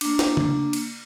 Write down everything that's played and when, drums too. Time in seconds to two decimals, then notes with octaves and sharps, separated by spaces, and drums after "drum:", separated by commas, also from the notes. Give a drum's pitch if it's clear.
0.01 A#3 D4, drum: cymbal
0.19 drum: snare
0.37 drum: tom C#3
0.73 drum: cymbal